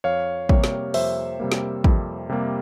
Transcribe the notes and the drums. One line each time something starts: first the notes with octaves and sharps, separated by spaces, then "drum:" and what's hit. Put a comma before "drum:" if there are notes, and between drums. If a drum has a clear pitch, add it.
F2 C#5 F5
C3 G3 A#3 C#5, drum: kick
drum: snare
F2 C5 E5, drum: open hi-hat
C3 G3 A#3
drum: snare
F2, drum: kick
C3 G3 A#3